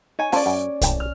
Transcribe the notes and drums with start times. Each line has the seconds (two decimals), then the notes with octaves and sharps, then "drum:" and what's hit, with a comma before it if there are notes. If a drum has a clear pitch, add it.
0.19 D#4 C#5 G#5
0.32 C#4 F4 A4 C5 D5, drum: open hi-hat
0.46 F#2
0.81 A#1 A2 G5, drum: kick, hi-hat
1.00 F6